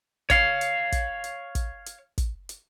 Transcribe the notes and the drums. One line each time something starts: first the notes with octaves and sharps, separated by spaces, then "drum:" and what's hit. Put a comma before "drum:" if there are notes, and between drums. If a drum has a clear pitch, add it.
C#5 F5, drum: kick, hi-hat
drum: hi-hat
drum: kick, hi-hat
drum: hi-hat
drum: kick, hi-hat
drum: hi-hat
drum: kick, hi-hat
drum: hi-hat